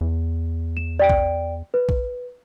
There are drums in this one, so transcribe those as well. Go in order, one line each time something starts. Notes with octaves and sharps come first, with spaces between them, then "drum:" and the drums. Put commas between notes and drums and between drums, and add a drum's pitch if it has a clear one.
E2
E7
D5 G5 D7
drum: kick
B4
drum: kick